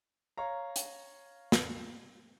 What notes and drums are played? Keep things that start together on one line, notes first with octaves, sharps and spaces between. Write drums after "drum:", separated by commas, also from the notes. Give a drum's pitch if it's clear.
C#5 F5 A#5
drum: hi-hat
drum: snare